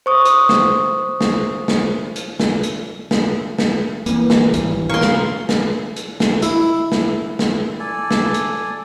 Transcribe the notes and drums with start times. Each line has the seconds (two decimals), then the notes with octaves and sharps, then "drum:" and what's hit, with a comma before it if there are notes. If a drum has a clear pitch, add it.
0.06 C5 C#6 D#6
0.25 drum: hi-hat
0.49 drum: snare
1.21 drum: snare
1.68 drum: snare
2.16 drum: hi-hat
2.40 drum: snare
2.63 drum: hi-hat
3.11 drum: snare
3.59 drum: snare
4.06 E3 A#3 C4, drum: hi-hat
4.30 drum: snare
4.54 G#1 D2 G3, drum: hi-hat
4.89 B2 A#4 F5 C6 C#6
5.01 drum: snare
5.49 drum: snare
5.96 drum: hi-hat
6.20 drum: snare
6.42 E4, drum: hi-hat
6.92 drum: snare
7.39 drum: snare
7.79 A4 D5 G#5
8.11 drum: snare
8.34 drum: hi-hat